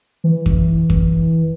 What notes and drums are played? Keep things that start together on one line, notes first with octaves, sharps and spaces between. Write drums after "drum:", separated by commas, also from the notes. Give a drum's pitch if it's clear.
E3
drum: kick F2
drum: kick F2